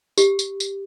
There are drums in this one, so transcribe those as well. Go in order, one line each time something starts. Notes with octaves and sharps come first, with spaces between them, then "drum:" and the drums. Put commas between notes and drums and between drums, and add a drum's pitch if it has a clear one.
G4, drum: tambourine
drum: tambourine
drum: tambourine